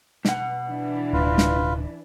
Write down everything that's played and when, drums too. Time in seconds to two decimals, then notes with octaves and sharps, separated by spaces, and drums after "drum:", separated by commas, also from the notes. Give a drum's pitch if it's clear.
0.25 B2 F#5, drum: snare
0.68 E3 D4
1.13 D1 F4 B4
1.38 drum: snare